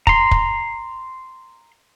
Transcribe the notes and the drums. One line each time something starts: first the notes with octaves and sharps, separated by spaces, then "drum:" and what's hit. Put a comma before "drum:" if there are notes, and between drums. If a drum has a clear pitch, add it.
A#5 C6, drum: kick
drum: kick